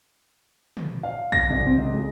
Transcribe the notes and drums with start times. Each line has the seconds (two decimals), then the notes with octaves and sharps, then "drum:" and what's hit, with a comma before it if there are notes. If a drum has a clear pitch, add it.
0.77 drum: tom
1.03 F5
1.32 A#6, drum: kick
1.50 C2
1.66 C4
1.78 C#2
1.93 G#3